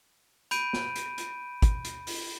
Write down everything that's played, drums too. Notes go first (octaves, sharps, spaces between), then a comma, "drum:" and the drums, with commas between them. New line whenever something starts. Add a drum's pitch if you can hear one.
B5 G6 D7 D#7, drum: hi-hat
drum: snare
drum: hi-hat
drum: hi-hat
drum: kick, hi-hat
drum: hi-hat
drum: open hi-hat